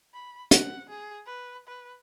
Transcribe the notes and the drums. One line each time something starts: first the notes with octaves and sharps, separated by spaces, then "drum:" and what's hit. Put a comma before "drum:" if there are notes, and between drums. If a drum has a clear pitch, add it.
B5
F#5, drum: hi-hat
G#4
B4
B4